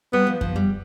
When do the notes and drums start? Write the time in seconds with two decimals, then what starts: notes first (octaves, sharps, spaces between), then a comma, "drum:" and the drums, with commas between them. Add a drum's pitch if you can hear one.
0.13 G3 B3
0.27 F3
0.41 F3, drum: kick F#2
0.56 G3